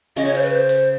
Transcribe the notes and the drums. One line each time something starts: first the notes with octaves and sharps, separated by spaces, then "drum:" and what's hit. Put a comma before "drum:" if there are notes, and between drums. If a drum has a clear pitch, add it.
C#3 C#4 D#5
C#5
C5, drum: hi-hat
B4
C5
drum: hi-hat